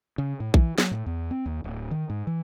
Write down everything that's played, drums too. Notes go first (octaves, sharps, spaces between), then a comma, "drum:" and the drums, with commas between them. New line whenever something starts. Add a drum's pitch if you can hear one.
C#3
A2
E3, drum: kick A#1
F#3, drum: snare
A2
E2
C4
D#2
D1
D#3
G#2
E3